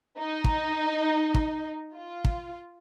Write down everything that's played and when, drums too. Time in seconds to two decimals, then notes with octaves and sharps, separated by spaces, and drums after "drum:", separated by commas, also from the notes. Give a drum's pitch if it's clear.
0.18 D#4
0.44 drum: kick
1.34 drum: kick
1.95 F4
2.25 drum: kick